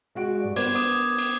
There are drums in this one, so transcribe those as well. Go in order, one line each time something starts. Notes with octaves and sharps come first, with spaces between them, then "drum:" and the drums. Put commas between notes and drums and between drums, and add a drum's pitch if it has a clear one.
G#3 F#4 D7
G2 D5
B3 A#4 C5 D6 G#6, drum: cymbal
D6 D#6, drum: cymbal
drum: cymbal